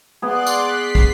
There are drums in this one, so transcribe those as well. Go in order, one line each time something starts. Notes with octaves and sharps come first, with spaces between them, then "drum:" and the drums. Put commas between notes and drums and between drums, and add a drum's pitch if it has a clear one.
B3 G#4 D5 C6 F#6
drum: tambourine
B6 C7
drum: kick